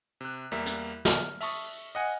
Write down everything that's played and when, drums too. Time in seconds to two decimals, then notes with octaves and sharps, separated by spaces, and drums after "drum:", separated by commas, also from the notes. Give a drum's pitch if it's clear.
0.21 C3 F#6
0.52 E2 G3 A#3 E5
0.66 drum: hi-hat
1.05 F6, drum: snare
1.41 E5 A5 C#6 D#6, drum: open hi-hat
1.95 D#5 F#5 G#5